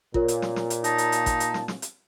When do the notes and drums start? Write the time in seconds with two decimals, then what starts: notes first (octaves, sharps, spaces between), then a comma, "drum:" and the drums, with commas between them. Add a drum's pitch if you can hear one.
0.14 A#2 F4 A#4 C#5, drum: kick
0.28 drum: hi-hat
0.42 drum: snare
0.56 drum: snare
0.70 drum: hi-hat
0.84 D#4 A5, drum: hi-hat
0.98 drum: hi-hat
1.12 drum: hi-hat
1.26 drum: kick, hi-hat
1.40 drum: hi-hat
1.54 drum: snare
1.68 drum: snare
1.82 drum: hi-hat